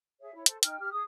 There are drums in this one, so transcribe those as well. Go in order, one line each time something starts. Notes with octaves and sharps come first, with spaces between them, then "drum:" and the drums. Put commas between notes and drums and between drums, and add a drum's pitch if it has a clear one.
G#4 C#5 E5
E4 C#5
A4 C5, drum: hi-hat
D#4 G5 F6, drum: hi-hat
G4 F6
G#4 D#6